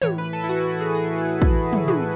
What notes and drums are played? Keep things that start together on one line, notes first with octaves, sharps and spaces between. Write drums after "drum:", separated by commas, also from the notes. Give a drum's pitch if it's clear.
A2 E3 C#5, drum: tom
B4
A4
E4
F#4
F#4
G#4
G#4
A4
drum: kick
drum: tom
drum: tom